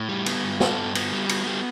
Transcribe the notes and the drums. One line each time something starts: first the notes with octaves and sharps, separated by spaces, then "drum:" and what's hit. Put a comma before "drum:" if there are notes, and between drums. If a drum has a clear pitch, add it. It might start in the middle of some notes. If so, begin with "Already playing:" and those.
Already playing: A2
G3
B3, drum: cymbal
G2
B3 A4, drum: snare
G2
B3, drum: cymbal
G3
B3, drum: cymbal
G3